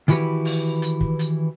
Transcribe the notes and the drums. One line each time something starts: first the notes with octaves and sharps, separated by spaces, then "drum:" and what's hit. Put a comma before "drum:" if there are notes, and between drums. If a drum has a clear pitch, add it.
D#3 E3 E4 F#4 G4 B4, drum: hi-hat
drum: open hi-hat
drum: hi-hat
drum: kick
drum: hi-hat